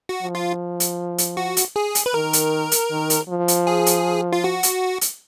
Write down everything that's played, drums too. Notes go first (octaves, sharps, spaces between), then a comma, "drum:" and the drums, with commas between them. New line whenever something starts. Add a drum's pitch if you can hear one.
F#4
F3
F4
drum: hi-hat
drum: hi-hat
F#4
drum: hi-hat
G#4
drum: hi-hat
B4
D#3 A#4
drum: hi-hat
drum: hi-hat
D#3
drum: hi-hat
F3
drum: hi-hat
G#4
drum: hi-hat
F4
F#4
drum: hi-hat
drum: hi-hat